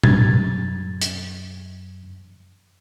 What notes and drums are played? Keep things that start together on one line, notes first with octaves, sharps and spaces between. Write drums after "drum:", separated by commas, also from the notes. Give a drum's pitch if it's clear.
F#2 G#6 A6, drum: tom B2
drum: hi-hat